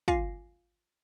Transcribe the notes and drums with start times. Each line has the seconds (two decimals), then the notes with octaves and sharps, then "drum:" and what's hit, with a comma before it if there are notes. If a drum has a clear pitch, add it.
0.08 F4 F5 G#5 D6 A#6 C7, drum: kick